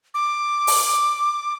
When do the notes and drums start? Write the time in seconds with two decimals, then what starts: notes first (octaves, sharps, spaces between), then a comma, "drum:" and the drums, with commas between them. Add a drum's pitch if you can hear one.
0.14 D6
0.67 drum: open hi-hat